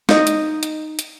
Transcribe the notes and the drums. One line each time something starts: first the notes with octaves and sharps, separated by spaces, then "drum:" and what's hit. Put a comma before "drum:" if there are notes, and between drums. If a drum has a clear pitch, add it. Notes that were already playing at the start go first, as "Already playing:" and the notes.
D#4 D#5, drum: snare
drum: hi-hat
drum: hi-hat
drum: hi-hat